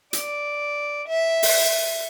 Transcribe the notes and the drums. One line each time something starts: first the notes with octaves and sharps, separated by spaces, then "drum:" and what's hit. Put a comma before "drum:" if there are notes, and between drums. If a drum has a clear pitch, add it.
D5, drum: hi-hat
E5
drum: open hi-hat